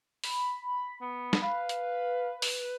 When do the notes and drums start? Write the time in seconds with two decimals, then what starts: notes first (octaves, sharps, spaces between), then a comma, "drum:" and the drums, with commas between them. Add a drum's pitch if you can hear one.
0.24 B5, drum: open hi-hat
1.02 B3
1.33 drum: snare
1.42 B4 F5
1.69 drum: hi-hat
2.42 drum: open hi-hat